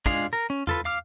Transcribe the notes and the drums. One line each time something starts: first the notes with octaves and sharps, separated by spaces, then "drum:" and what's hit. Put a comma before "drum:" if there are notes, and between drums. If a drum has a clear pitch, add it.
G#3 D4 F4 G#4 F5, drum: kick
A#4
C#4
F4 A4 B4, drum: tom E2
F5 D6 F6